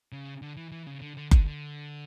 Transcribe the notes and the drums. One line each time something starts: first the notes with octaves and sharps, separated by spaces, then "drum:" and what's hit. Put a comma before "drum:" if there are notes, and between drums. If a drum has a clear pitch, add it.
C#3
D3
E3
E3
C#3
D3
D3
D3, drum: kick F#1
D3